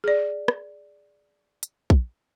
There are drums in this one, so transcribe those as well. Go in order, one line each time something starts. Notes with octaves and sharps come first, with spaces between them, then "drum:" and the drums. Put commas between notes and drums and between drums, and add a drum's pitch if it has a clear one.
G#4 D5
drum: rim click
drum: hi-hat
drum: kick